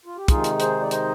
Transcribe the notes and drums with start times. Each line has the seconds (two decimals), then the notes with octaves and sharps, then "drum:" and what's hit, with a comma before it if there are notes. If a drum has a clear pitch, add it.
0.06 F4
0.17 G4
0.28 C3 D#3 G#3 D#4 F4 G#4, drum: kick, hi-hat
0.44 drum: hi-hat
0.60 G#4 C5, drum: hi-hat
0.81 D5
0.91 C5 D#5, drum: hi-hat